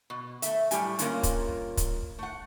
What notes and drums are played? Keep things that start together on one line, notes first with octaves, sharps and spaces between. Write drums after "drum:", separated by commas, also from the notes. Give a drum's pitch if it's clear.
B2
A3 E5, drum: hi-hat
A2 G3 G4 G#5, drum: hi-hat
G2 A#2 A#3 C#4, drum: hi-hat
drum: kick, hi-hat
drum: kick, hi-hat
A3 F#5